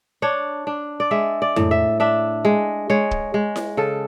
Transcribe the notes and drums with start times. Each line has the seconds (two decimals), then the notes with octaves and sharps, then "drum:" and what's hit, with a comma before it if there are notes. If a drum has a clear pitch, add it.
0.22 D4 C#5
0.67 D4
1.00 D5
1.11 G#3 E5
1.42 D5
1.56 A2, drum: tom F2
1.71 E5
2.00 D4 E5
2.45 G#3
2.90 G#3 C#5
3.11 drum: kick
3.34 G#3
3.56 drum: snare E4
3.77 C#3 A4